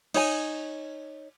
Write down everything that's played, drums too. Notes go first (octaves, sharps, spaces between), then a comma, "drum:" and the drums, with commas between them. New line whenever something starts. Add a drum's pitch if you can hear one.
D#4 C#5 G#5, drum: cymbal